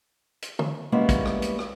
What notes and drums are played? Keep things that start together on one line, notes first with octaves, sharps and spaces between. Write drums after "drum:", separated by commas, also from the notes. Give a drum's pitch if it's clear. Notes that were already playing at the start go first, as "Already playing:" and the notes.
drum: hi-hat
drum: tom
G3 G#3 A#3 B3 C#4 E4
drum: kick, hi-hat
drum: rim click
drum: hi-hat
drum: rim click